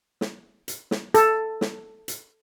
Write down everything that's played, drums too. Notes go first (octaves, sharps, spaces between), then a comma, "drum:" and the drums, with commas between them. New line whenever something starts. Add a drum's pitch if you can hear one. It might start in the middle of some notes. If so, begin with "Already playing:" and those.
drum: snare
drum: hi-hat
drum: snare
A4, drum: hi-hat
drum: snare
drum: hi-hat